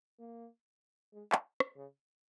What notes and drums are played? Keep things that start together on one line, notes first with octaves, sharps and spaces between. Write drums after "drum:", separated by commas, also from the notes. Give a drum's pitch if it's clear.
A#3
G#3
drum: clap
drum: rim click
C#3